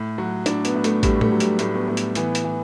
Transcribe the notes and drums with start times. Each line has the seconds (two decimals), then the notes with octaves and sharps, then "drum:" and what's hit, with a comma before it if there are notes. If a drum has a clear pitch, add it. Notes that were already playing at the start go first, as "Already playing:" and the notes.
Already playing: A2
0.18 F#3 F#4
0.46 A2 D4, drum: hi-hat
0.65 B3, drum: hi-hat
0.75 A2
0.84 A3, drum: hi-hat
1.03 A2 G3, drum: kick A1, hi-hat
1.21 A3, drum: tom A2
1.32 F#3
1.40 G3, drum: hi-hat
1.59 A2 A3, drum: hi-hat
1.74 B3
1.88 A2 B3
1.97 drum: hi-hat
2.15 E3 B3, drum: hi-hat
2.35 drum: hi-hat
2.44 E3